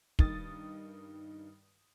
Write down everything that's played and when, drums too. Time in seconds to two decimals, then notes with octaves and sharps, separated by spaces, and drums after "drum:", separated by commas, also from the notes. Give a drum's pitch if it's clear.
0.19 G2 D#3 D#6 A6, drum: kick